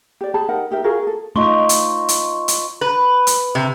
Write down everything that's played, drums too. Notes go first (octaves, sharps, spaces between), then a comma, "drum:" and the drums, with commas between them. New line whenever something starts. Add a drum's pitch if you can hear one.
G4 D5
G4 G#4 A5 B5
D#4 G4 A#4 F#5
D#4 G4 A#4 E5
F4 F#4 G#4 A#4
G#4 A4
A3 D#4 F4 C5 C6 C#6
drum: hi-hat
drum: hi-hat
drum: hi-hat
B4
drum: hi-hat
C3